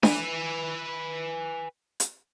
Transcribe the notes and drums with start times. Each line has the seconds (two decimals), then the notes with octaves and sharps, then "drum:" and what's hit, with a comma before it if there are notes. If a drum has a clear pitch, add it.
0.03 B4 G#5, drum: snare D4
2.00 drum: hi-hat